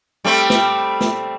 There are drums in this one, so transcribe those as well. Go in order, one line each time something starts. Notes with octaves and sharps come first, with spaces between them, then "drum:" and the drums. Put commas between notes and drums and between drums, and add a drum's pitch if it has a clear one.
G3 A3 C4
drum: snare
drum: snare